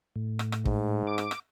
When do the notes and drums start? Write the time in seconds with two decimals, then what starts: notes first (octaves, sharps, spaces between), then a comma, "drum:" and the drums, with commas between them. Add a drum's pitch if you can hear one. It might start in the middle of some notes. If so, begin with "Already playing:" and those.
0.16 A2
0.39 drum: rim click
0.52 drum: rim click
0.65 G#2, drum: kick
1.07 D6
1.18 drum: rim click
1.31 drum: rim click